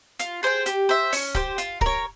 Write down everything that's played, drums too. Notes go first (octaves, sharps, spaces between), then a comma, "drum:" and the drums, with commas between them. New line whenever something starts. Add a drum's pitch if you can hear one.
F4, drum: hi-hat
G#4 C5 G5
G4, drum: hi-hat
C5 E5
C#4, drum: open hi-hat
G4 C5, drum: kick C#1
F4, drum: hi-hat
A#4 C#5, drum: kick C#1